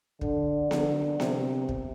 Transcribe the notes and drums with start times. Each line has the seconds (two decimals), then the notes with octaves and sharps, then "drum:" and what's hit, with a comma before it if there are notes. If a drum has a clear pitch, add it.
0.21 D3, drum: kick
0.71 D3, drum: snare B3
1.20 C3, drum: snare B3
1.69 drum: kick